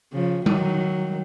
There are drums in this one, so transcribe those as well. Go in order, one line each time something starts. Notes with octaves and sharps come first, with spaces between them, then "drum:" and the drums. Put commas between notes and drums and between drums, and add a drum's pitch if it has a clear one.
C#3 F3
D#3 F#3, drum: tom G3